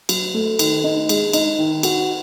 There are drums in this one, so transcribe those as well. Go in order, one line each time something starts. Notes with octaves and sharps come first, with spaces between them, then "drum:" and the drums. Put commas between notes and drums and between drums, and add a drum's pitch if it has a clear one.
F#3, drum: cymbal
A3
D#3, drum: cymbal
D#4
G#3, drum: cymbal
D#4, drum: cymbal
D#3
F#4, drum: cymbal